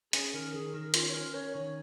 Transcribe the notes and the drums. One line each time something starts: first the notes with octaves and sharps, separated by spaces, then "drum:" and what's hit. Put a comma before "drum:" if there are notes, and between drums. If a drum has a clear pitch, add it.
C#4 G#4, drum: hi-hat
D#3 A#4
D#3 G#4
D#3 A#4
C#4 F4, drum: hi-hat
C#5
C#4 A#4
C#4 C#5
D#3 C#5